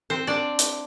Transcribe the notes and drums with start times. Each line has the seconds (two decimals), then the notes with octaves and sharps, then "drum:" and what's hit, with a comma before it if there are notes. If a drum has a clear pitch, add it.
0.10 C4 C5
0.27 D4 D5
0.59 drum: hi-hat